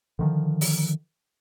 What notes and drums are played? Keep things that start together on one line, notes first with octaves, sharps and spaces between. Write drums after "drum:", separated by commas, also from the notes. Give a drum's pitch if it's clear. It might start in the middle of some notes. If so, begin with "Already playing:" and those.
D3 D#3 F3
drum: open hi-hat